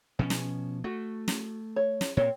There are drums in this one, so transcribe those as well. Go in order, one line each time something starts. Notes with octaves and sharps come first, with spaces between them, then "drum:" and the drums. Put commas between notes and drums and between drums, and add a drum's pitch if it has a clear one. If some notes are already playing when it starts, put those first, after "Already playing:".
B2 F3 C#4 G#5
drum: snare
A3 F#4
drum: snare
C#5
drum: snare
A#2 C4 C#5